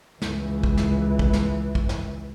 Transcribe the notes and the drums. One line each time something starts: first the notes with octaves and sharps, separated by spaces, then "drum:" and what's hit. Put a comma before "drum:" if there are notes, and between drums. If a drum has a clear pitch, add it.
C#2 E3, drum: snare
drum: kick
drum: snare
drum: kick
drum: snare
drum: kick
drum: snare